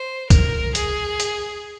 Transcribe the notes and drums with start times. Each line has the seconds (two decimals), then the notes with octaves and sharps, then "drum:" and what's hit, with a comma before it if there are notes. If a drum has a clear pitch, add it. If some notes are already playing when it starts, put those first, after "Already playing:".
Already playing: C5
0.30 A#4, drum: kick C2, hi-hat
0.75 G#4, drum: hi-hat
1.20 drum: hi-hat